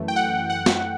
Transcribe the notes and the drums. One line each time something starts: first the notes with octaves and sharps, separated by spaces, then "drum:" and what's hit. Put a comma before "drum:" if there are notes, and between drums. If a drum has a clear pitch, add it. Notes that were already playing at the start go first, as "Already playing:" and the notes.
Already playing: F#2 E3 A3
G5
F#5
F#5
drum: snare